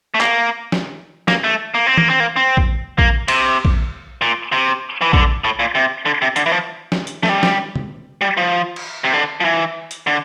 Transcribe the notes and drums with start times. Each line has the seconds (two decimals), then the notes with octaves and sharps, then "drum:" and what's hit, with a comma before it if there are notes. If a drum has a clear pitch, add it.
0.14 A3
0.21 A#3, drum: clap
0.72 drum: snare
1.28 A#3, drum: snare
1.44 A3
1.74 A#3
1.87 C4
1.97 A#3, drum: tom
2.10 C4
2.20 A#3
2.36 C4
2.57 drum: kick A#1
2.98 A#3, drum: kick A#1
3.28 C3, drum: cymbal
3.65 drum: kick A#1
4.22 A#2
4.52 C3
5.01 E3
5.13 D3, drum: kick A#1
5.44 A2
5.59 A#2
5.75 C3
6.05 D3
6.22 C3
6.36 D3, drum: hi-hat
6.46 E3
6.52 F3
6.92 drum: snare
7.07 drum: hi-hat
7.23 A3, drum: snare
7.29 G3
7.43 drum: snare
7.76 drum: tom
8.21 G3
8.37 F3
8.76 drum: cymbal
9.04 C3
9.13 D3
9.40 F3
9.45 E3
9.91 drum: hi-hat
10.07 D3